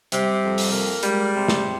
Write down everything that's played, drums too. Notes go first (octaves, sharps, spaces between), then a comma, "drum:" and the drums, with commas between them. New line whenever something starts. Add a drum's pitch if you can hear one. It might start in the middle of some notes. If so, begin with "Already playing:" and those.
C3 G3, drum: hi-hat
F2
drum: open hi-hat
A#3
G3 G#3, drum: hi-hat
C3
drum: snare